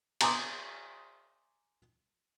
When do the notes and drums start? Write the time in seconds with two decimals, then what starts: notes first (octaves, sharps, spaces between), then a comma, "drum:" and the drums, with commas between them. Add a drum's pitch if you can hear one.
0.21 G#5 A#5 C6 D6 D#6, drum: cymbal